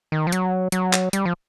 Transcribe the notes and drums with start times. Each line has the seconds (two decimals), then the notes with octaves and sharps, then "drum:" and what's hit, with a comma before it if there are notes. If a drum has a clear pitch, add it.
0.12 D#3
0.27 F3
0.32 F#3, drum: hi-hat
0.72 F#3, drum: hi-hat
0.93 drum: clap
1.13 G3, drum: hi-hat
1.26 F3